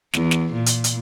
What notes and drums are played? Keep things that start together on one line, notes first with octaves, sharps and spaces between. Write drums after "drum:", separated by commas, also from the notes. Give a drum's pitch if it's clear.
E2, drum: snare
drum: snare
A#2
drum: hi-hat
drum: hi-hat